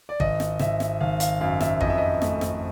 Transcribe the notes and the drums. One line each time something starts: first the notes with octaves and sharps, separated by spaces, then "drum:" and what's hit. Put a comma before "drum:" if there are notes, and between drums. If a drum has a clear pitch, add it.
D5
G#1 D#5, drum: kick G1
drum: snare
G#1 E5, drum: snare
drum: snare
G#1 F5
F5, drum: hi-hat
F#2 F5
E5, drum: snare
F2 D#5, drum: kick G1
E5
D#5
A3, drum: snare
drum: snare